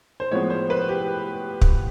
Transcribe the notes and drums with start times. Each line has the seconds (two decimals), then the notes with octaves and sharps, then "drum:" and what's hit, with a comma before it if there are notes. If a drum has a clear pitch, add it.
0.20 C5
0.31 A2 F3 G#3 B3 C#5
0.50 C5
0.70 B4
0.88 G4
1.61 drum: kick